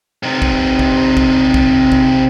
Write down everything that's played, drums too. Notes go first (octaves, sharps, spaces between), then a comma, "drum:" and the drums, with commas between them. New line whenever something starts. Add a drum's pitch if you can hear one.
C3 D#4
drum: kick
drum: kick
drum: kick
drum: kick
drum: kick